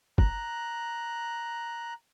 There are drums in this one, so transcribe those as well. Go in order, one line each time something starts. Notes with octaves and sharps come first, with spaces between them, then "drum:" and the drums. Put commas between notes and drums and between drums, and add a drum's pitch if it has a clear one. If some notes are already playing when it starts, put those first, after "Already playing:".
A#5 F#6, drum: kick